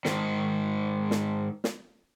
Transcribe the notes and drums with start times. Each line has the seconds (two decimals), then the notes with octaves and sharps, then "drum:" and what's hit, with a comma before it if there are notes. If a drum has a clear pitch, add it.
0.05 G#2 D#3, drum: snare
1.11 drum: snare
1.64 drum: snare